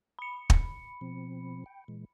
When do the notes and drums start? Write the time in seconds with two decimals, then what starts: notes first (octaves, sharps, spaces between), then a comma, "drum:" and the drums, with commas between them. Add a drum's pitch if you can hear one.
0.19 B5 C#7
0.50 drum: kick
1.01 B2 F3 C4
1.66 G5
1.88 A#2 E3 G#3